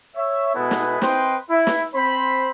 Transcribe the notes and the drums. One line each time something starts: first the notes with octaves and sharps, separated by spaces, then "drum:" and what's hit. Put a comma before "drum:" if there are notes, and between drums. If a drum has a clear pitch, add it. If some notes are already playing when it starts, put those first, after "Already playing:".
C#5 E5
B2 G#3 B3 E4 A4 B4
drum: snare
C4 B4 C5 D#5 G5 C6, drum: snare
E4
drum: snare
C4 C5 B5